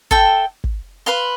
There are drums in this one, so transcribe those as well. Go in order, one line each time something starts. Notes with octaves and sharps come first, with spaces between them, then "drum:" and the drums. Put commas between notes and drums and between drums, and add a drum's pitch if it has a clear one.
A4 E5 G5, drum: kick
drum: kick
B4 F5 C6